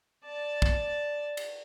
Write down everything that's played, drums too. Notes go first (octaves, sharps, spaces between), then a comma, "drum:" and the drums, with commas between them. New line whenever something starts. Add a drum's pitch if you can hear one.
D5 A5
drum: kick
drum: cymbal